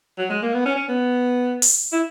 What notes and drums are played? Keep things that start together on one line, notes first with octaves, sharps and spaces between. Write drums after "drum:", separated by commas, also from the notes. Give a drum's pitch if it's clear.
F#3
G#3
A#3
B3
C#4
C#4
B3
drum: open hi-hat
E4